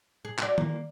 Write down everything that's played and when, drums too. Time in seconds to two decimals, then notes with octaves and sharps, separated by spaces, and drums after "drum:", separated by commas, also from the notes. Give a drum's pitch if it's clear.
0.25 G#4
0.39 F#4 D5, drum: clap
0.58 A#3, drum: tom D#3